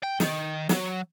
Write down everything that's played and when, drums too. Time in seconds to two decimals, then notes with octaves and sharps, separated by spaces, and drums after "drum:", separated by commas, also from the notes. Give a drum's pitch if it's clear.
0.03 G5
0.20 D#3, drum: snare
0.69 F#3, drum: snare